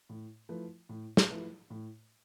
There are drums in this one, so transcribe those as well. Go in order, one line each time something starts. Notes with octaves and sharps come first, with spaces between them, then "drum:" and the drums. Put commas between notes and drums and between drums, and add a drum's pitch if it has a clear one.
A2
F3 A3 E4 B4
A2
drum: snare
F3 A3 E4 B4
A2